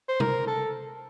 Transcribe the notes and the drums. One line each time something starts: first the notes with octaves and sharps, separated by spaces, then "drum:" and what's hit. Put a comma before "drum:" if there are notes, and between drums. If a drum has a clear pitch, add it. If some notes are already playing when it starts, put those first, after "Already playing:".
C5
A#4, drum: tom C3
A4